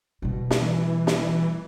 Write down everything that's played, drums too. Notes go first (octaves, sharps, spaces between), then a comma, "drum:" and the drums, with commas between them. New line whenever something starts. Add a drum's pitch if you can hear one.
B2 G3
drum: snare
E3
drum: snare